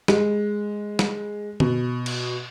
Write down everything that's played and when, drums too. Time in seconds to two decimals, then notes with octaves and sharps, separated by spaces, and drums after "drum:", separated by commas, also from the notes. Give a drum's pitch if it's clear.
0.08 G#3, drum: snare
0.99 drum: snare
1.60 B2, drum: tom
2.06 drum: cymbal